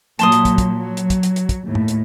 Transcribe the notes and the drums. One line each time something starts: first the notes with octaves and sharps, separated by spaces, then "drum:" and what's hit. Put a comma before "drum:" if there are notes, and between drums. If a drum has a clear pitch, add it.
A#2 F#3 A#3 A5 C6 D#6, drum: hi-hat
drum: hi-hat
drum: kick, hi-hat
drum: kick, hi-hat
F#3
drum: hi-hat
drum: kick, hi-hat
drum: hi-hat
drum: hi-hat
drum: kick, hi-hat
D#2 A2 A3
drum: tom
drum: hi-hat